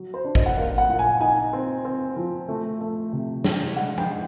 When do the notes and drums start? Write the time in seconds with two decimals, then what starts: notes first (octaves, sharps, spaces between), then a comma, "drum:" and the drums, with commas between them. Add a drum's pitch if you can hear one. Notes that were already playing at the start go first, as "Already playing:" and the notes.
Already playing: F#3
0.14 C5
0.25 D4
0.35 D#5, drum: kick
0.46 F#5
0.57 A#3 F5
0.78 F#5
0.89 A#2
0.99 G#5
1.20 D#4 G#5
1.53 C4
1.85 C4
2.17 F3
2.48 A3
2.81 A3
3.13 C3
3.44 D4, drum: snare
3.76 G#3 F#5
3.98 G5, drum: tom F3
4.09 G#3